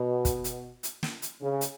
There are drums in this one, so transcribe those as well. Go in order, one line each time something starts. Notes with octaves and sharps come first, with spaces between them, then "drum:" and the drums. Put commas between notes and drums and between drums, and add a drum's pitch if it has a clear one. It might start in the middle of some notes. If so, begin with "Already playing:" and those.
Already playing: B2
drum: kick, hi-hat
drum: hi-hat
drum: hi-hat
drum: snare
drum: hi-hat
C#3
drum: hi-hat